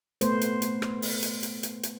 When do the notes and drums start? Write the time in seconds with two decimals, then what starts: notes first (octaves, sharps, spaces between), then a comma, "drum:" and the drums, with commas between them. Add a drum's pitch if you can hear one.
0.21 A3 B3 B4 C5, drum: hi-hat
0.41 drum: hi-hat
0.62 drum: hi-hat
0.82 drum: rim click
1.02 drum: open hi-hat
1.23 drum: hi-hat
1.43 drum: hi-hat
1.63 drum: hi-hat
1.83 drum: hi-hat